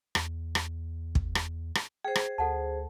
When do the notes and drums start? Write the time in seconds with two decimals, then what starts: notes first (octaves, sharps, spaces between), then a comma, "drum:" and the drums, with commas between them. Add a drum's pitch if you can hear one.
0.15 E2, drum: rim click
0.55 drum: rim click
1.15 drum: kick
1.35 drum: rim click
1.75 drum: rim click
2.04 G#4 C5 G5
2.15 drum: rim click
2.38 D2 A4 F#5 A5